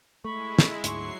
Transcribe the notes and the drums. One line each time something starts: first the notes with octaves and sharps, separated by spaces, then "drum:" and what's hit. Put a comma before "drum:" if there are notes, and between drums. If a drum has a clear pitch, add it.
G#3 A3 E4 B5 C#6
drum: snare
D2 G#2 F#3 C6 C#6 C7, drum: hi-hat